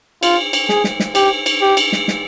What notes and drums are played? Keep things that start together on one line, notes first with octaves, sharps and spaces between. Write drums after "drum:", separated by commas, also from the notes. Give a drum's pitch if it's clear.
F4, drum: cymbal
drum: cymbal
G#4, drum: snare
drum: snare
drum: snare
G4, drum: cymbal
drum: cymbal
G4
drum: cymbal
drum: snare
drum: snare